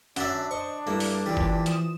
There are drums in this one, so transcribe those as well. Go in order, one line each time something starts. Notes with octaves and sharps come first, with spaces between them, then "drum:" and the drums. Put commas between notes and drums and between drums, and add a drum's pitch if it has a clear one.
F#2 C#4 D4 D5 E5 F#5, drum: hi-hat
C5 D#5 C#6
G2 G#3 A#3 E4 A4
drum: open hi-hat
A#2 E3 G3
drum: kick G1
F3 D#6 E7, drum: hi-hat